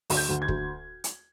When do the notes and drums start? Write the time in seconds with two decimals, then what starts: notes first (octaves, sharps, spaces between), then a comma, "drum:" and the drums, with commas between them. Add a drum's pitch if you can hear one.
0.10 D2, drum: open hi-hat
0.17 G6
0.29 D2
0.42 G#6
0.48 D2, drum: kick
1.04 drum: hi-hat